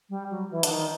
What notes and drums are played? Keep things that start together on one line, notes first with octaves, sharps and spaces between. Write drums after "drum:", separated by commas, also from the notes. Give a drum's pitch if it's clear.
G3
F#3
E3
D3, drum: hi-hat
D#3